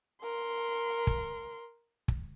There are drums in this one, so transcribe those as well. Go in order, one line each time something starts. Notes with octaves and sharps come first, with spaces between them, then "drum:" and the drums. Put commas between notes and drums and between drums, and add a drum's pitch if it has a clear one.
A#4 C6
drum: kick
drum: kick